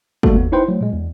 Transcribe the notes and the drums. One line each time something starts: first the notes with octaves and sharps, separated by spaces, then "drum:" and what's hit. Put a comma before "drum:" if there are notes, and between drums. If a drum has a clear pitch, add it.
G3 A3 A#3 F#4 A4, drum: kick
D#2 B3
D#4 E4 B4 C5 G5 C6
F#3 A3
A#2 G#3
E2